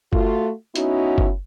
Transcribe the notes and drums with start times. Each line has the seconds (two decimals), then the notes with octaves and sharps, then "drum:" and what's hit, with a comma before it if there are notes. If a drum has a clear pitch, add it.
0.13 A3 F4 F#4, drum: kick F#1
0.76 B3 C#4 D#4 E4 F#4, drum: hi-hat
1.18 drum: kick F#1